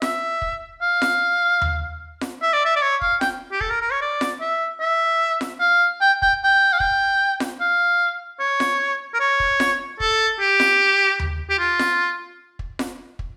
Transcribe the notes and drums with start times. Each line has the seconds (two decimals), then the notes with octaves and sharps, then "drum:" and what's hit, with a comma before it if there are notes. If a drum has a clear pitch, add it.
0.02 E5, drum: snare F4
0.42 drum: kick
0.82 F5
1.02 drum: snare F4
1.61 drum: tom D#2
2.21 drum: snare F4
2.42 E5
2.53 D5
2.65 E5
2.76 D5
2.82 C#5
3.02 F5, drum: kick
3.21 G5, drum: snare F4
3.52 G4
3.61 A4, drum: kick
3.70 A#4
3.81 A#4
3.91 C#5
4.02 D5
4.21 drum: snare F4
4.41 E5
4.81 E5
5.41 drum: snare F4
5.60 F5
6.01 G5
6.22 G5, drum: kick
6.44 G5
6.73 F5
6.80 G5, drum: kick
7.40 drum: snare F4
7.60 F5
8.40 C#5
8.60 drum: snare F4
9.14 A#4
9.20 C#5
9.40 drum: kick
9.60 drum: snare F4
10.00 A4, drum: kick
10.40 G4
10.60 drum: snare F4
11.19 drum: tom D#2
11.50 G4
11.59 F4
11.79 drum: snare F4
12.59 drum: kick
12.79 drum: snare F4
13.19 drum: kick